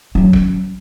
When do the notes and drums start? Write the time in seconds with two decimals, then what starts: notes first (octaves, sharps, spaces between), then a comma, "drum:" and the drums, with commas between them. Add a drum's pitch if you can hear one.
0.15 F#3 C#4
0.33 drum: kick